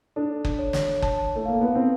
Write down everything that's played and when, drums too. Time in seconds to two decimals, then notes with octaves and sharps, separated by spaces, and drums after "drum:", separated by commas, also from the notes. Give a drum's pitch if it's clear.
0.16 D4 A4
0.45 drum: kick F#1
0.59 C#5
0.73 drum: snare
1.02 A5, drum: kick F#1
1.36 A3
1.45 A#3 F5
1.61 B3
1.75 C4